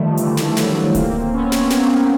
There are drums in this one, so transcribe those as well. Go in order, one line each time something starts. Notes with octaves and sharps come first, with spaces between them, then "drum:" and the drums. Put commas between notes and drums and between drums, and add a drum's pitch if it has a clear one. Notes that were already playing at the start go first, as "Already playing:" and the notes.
Already playing: D#3 F3 G3 A3
F3
D3 E3, drum: hi-hat
drum: snare
E3 F#3, drum: snare
A#3 C4, drum: kick D1, hi-hat
B3 C#4
drum: snare
A#3 C4, drum: snare
C4